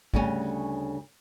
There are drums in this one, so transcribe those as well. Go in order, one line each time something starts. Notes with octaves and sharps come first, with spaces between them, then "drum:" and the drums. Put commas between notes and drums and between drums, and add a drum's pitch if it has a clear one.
D2 C#3 G3 C#4, drum: kick